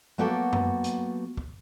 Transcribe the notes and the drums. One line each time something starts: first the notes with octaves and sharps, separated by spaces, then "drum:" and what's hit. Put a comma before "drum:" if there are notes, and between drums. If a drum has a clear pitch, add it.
F#3 A#3 B3 F#4 G4 A4
drum: tom F#2
drum: hi-hat
drum: kick